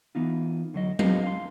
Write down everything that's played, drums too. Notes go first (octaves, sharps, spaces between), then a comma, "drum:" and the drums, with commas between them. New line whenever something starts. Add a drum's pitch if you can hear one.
E3 B3 D#4 F4
D2 F#3 D#5
B3 C4 D4 F4 G4 D#5, drum: tom F#3
F5 C6